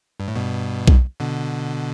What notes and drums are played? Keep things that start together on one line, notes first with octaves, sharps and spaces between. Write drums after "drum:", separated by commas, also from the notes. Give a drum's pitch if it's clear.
G2
A2
G2 B2
drum: kick B1
B2 D3